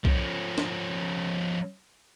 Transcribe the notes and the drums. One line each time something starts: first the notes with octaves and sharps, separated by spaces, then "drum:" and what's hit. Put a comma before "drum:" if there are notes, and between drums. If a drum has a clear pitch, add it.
F3 C#4, drum: kick B1
drum: snare